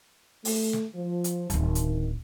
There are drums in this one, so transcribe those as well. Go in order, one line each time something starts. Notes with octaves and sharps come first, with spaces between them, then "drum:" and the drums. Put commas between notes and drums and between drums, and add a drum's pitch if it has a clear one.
A3, drum: open hi-hat
drum: snare
F3
drum: hi-hat
D1 G#1 D#3, drum: hi-hat
drum: hi-hat